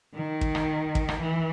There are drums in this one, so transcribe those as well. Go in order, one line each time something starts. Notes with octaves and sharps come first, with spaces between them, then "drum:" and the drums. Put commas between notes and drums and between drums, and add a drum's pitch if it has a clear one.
D#3
drum: kick
drum: rim click
drum: kick
drum: rim click
E3